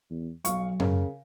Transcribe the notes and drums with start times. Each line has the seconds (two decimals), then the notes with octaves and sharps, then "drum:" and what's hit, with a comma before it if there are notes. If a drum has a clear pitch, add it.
0.10 E2
0.45 B1 F#3 F5 C#6, drum: hi-hat
0.80 C#3 A#4, drum: tom F#2